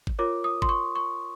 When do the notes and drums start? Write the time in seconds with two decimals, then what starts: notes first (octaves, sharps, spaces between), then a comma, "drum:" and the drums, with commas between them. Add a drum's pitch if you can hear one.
0.07 drum: kick G1
0.19 F4 A#4 C#5 D6
0.44 D#6
0.62 C6, drum: kick G1
0.69 C#6
0.96 C#6